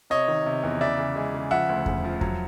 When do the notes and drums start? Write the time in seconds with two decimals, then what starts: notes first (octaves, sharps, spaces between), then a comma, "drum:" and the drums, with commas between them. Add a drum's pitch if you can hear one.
0.10 C3 C#5 D#5
0.28 D#3
0.46 C3
0.63 E2
0.81 C#3 D5 E5
0.98 C#3
1.16 G#3
1.34 C#3
1.51 F3 E5 F#5
1.69 D2
1.86 C#3, drum: kick E2
2.04 F3
2.21 F#3, drum: kick E2